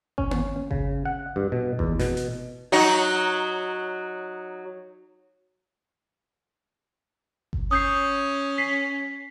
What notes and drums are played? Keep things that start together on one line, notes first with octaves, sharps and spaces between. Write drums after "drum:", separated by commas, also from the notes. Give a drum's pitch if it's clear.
C#4, drum: kick G1
drum: tom A#3
C#3, drum: kick G1
F#5
G2
B2
E2, drum: kick G1
B2, drum: snare
drum: hi-hat
F#3 D#4 F#4
drum: kick G1
C#4 D#6 G6 C7
B6 C7